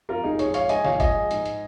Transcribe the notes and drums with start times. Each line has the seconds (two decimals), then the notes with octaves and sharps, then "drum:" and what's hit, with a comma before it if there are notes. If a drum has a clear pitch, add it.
0.09 F2 F4 A#4
0.24 F1 D#4 G#4
0.39 A#1 G#4 C#5, drum: hi-hat
0.54 G#3 C#5 F5, drum: hi-hat
0.69 G#2 D#5 G#5, drum: hi-hat
0.85 A#1 C#5 F5, drum: snare
1.00 A#1 D#5 G#5, drum: kick, hi-hat
1.15 G#3
1.31 G#2, drum: hi-hat
1.46 drum: hi-hat